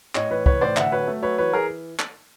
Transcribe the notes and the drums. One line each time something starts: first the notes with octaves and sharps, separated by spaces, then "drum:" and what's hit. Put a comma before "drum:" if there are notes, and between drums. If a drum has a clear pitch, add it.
A2 C#5 D#5, drum: clap
E3 B4 C#5
E3 B4 C#5, drum: kick
A2 C5 D5
D3 E5 F#5, drum: clap
F#3 B4 C#5
A3
F#3 B4 C#5
E3 B4 C#5
E3 G#4 A#4
drum: clap